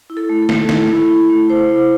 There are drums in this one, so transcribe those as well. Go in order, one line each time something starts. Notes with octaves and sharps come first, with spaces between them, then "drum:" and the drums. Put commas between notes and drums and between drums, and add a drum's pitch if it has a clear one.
E4
A4
A3
A4
A3, drum: snare
E4, drum: snare
E4
E4
A3
E4 C5
E4